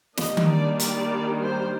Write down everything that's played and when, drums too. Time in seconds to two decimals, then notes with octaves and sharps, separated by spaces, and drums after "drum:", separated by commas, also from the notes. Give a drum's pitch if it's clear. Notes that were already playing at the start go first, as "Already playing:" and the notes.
0.17 D#3 G3 A#3 D4 D#5, drum: snare
0.37 drum: tom D#3
0.49 D5
0.80 D5, drum: hi-hat
1.42 C5